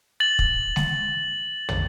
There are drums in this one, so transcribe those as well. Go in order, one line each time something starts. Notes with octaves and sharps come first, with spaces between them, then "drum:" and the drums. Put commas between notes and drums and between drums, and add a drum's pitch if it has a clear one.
A6 F#7
drum: kick
drum: snare G#3
drum: tom